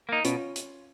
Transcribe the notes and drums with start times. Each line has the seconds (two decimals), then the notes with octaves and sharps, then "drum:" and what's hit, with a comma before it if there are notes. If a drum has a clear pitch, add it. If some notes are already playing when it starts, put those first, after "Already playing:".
0.09 A#3 D#4
0.25 B2 C#4 F4, drum: hi-hat
0.56 drum: hi-hat